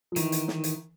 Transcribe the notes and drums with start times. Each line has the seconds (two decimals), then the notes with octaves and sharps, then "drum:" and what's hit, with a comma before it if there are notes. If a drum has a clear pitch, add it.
0.12 F3
0.16 D#3 E3, drum: hi-hat
0.32 drum: hi-hat
0.48 drum: snare
0.64 drum: hi-hat